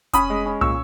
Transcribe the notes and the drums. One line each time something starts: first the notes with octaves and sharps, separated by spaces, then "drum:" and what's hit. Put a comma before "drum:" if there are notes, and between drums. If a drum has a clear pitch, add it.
C#4 B5 D#6, drum: kick F1, hi-hat
G#3
C#4
A#2 C#6 E6, drum: tom